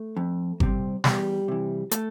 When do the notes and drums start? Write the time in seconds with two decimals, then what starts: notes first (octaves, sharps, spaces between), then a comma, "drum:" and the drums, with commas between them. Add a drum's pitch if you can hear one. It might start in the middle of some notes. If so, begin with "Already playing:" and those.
Already playing: A3
0.17 F2
0.60 C3 G3 C4, drum: kick G1
1.04 E2 G3 G4, drum: snare
1.48 C3 E3
1.91 A3 A4, drum: hi-hat